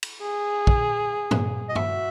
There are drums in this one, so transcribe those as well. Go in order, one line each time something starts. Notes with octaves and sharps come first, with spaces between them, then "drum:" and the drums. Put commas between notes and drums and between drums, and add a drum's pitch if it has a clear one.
drum: cymbal
G#4
drum: kick
drum: tom G2
D#5
F#4 E5, drum: tom G2